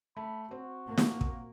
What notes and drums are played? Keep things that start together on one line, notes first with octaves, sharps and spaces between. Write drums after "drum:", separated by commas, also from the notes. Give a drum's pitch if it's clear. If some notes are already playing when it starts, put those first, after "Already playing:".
A3 B5
C4 F#4
A#2 A#3
drum: snare
drum: kick